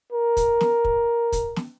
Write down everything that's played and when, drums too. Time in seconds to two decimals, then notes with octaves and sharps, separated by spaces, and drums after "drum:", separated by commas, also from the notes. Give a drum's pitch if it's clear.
0.13 A#4
0.37 drum: kick, hi-hat
0.61 drum: snare
0.85 drum: kick
1.32 drum: kick, hi-hat
1.56 drum: snare